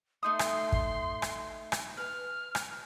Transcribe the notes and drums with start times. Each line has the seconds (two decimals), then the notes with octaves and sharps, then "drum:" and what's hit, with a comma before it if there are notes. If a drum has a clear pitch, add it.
0.23 A3 D#4 C6 D#6
0.39 drum: rim click
0.72 drum: kick
1.22 drum: rim click
1.72 drum: rim click
1.97 B4 F6
2.55 drum: rim click